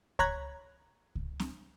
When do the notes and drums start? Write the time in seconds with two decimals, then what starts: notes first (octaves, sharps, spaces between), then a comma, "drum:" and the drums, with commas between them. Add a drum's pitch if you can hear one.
0.19 C#5 A#5 B5 F#6 G#6, drum: kick C#2
1.15 drum: kick C#2
1.40 drum: snare